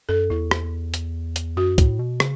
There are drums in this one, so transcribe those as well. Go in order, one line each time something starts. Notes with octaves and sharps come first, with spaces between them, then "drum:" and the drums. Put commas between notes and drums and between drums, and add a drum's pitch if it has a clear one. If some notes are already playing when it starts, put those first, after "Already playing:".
F#2 A4
E2 E4
drum: rim click
drum: hi-hat
drum: hi-hat
F#2 F#4
A2, drum: kick, hi-hat
B2
C#3, drum: rim click